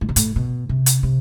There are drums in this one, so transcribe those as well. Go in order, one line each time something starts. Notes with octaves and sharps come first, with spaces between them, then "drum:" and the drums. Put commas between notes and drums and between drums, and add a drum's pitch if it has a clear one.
A2
B2
A2, drum: hi-hat
B2
C3
drum: hi-hat
C3